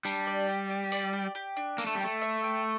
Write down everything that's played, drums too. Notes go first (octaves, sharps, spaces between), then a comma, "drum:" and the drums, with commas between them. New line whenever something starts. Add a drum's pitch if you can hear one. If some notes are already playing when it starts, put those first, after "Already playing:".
G3 D4, drum: tambourine
D5
G4
G4
D5, drum: tambourine
G4
G4
D4
A#3 A4, drum: tambourine
A3
G3
A3 G5
E5
G5